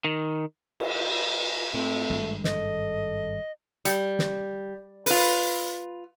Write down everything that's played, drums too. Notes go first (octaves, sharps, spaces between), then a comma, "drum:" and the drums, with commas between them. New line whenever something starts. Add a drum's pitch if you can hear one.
D#3
drum: cymbal
G#2 A3 C4
G#1 G2 G#3
A4 D#5, drum: snare
G3, drum: hi-hat
drum: snare
F4 B4, drum: open hi-hat